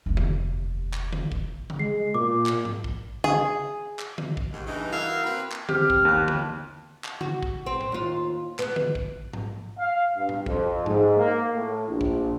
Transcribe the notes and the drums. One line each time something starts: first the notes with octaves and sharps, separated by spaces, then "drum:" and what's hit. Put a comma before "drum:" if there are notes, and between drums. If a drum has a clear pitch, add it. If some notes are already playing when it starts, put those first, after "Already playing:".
F1 D#2
drum: tom D3
drum: clap
drum: tom D3
drum: kick
drum: tom C#3
G#3 C7
A#2 D6
drum: clap
drum: tom G#2
drum: kick
G#4, drum: tom C#3
drum: clap
drum: tom D3
drum: kick
D#2 G#2
G2 C#3 E3 D#4
E3 F#4 A#4 E5 F5
A#3 C4 B4
drum: clap
C4 G4 F6, drum: tom D3
drum: kick
D#2 F#6
drum: tom D3
drum: clap
F#4, drum: tom C#3
drum: kick
C4
drum: tom A2
D#2 F4
B3, drum: clap
drum: tom D3
drum: kick
drum: tom G#2
F5
G2
drum: tom A2
F2, drum: kick
G#2, drum: tom G#2
A#3
A2
A#1
drum: kick